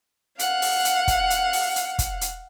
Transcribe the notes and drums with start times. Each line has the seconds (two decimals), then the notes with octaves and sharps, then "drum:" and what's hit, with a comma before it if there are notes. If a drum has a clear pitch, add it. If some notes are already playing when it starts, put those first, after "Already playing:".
0.39 F5 F#5, drum: hi-hat
0.62 drum: open hi-hat
0.85 drum: hi-hat
1.08 drum: kick, hi-hat
1.30 drum: hi-hat
1.53 drum: open hi-hat
1.76 drum: hi-hat
1.99 drum: kick, hi-hat
2.21 drum: hi-hat